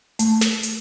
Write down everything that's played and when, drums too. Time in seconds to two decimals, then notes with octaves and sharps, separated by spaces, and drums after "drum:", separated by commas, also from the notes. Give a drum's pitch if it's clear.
0.19 A3, drum: hi-hat
0.41 drum: snare
0.63 drum: hi-hat